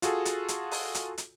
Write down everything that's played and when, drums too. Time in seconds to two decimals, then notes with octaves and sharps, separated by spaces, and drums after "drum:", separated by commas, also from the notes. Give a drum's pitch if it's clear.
0.02 F4 F#4 G#4 A4, drum: hi-hat
0.25 drum: hi-hat
0.48 drum: hi-hat
0.71 drum: open hi-hat
0.95 drum: hi-hat
1.18 drum: hi-hat